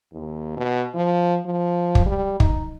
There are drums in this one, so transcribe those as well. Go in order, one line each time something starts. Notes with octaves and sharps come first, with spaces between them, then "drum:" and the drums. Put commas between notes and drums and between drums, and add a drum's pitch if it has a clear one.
D#2
B2
F3
F3
drum: kick
G3
D#4, drum: kick